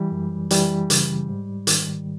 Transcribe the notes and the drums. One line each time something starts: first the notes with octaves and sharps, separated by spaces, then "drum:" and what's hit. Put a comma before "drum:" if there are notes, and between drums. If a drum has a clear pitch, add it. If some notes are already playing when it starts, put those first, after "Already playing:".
Already playing: E3 G3
F#2
E3 G3, drum: hi-hat
C#3, drum: hi-hat
G#2
D#3, drum: hi-hat